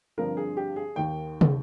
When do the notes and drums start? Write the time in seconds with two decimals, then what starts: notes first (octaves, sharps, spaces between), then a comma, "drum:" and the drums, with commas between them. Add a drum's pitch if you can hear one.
0.18 G2 D3 F3 C4 A#4
0.37 G#4
0.57 G4
0.76 G#4
0.96 D#2 D#3 A#3 G5
1.41 drum: tom